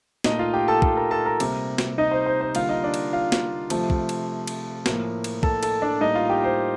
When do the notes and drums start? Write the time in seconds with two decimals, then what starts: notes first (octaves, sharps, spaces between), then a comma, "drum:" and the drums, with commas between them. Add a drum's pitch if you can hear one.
0.24 A#2 A3 D#4 D#5, drum: snare
0.39 F4 F5
0.54 G4 G5
0.68 A4 A5
0.82 A4 A5, drum: kick
0.97 A#4 A#5
1.11 A4 A5
1.25 A#4 A#5
1.40 C3 G3 A#3, drum: cymbal
1.78 drum: snare
1.98 D#4 D#5
2.11 C5
2.26 C5
2.41 C5
2.55 D3 G3 A#3 F4 F5, drum: cymbal
2.69 D#4 D#5
2.84 D4 D5
2.94 drum: cymbal
3.13 F4 F5
3.32 drum: snare
3.70 C3 F3 A3, drum: cymbal
3.90 drum: kick
4.09 drum: cymbal
4.47 drum: cymbal
4.86 A2 F3 A#3, drum: snare
5.24 drum: cymbal
5.43 A4 A5, drum: kick
5.63 A4 A5, drum: cymbal
5.82 D4 D5
6.01 A2 G3 A#3 D#4 D#5
6.15 F4 F5
6.30 G4 G5
6.44 C5